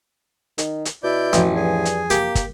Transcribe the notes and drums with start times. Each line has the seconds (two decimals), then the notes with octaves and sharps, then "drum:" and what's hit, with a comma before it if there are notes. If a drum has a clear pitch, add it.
0.58 D#3, drum: hi-hat
0.85 drum: hi-hat
1.03 B2 E4 D5 G6
1.33 A1 F2 B2 E3 F3, drum: hi-hat
1.55 G2 G#4
1.85 drum: hi-hat
2.10 A#3 G4, drum: hi-hat
2.35 drum: kick, hi-hat